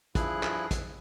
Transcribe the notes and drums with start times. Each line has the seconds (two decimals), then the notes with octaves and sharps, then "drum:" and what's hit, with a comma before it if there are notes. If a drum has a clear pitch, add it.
0.15 G2 F3 E4 G#4 F#6, drum: kick, hi-hat
0.43 drum: clap
0.71 drum: kick, hi-hat